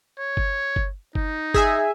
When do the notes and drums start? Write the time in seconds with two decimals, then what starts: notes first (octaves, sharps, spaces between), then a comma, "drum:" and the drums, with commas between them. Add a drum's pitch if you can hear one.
0.18 C#5
0.37 drum: kick G1
0.76 drum: kick G1
1.15 D#4, drum: kick G1
1.54 G#4 E5 G#5, drum: kick G1